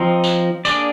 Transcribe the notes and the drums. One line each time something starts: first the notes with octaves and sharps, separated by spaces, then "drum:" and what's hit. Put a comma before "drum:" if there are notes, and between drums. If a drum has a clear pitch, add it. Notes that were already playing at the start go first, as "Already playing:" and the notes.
Already playing: F3 C4 D#4
drum: tambourine
A#3 D4 G#4 D5, drum: tambourine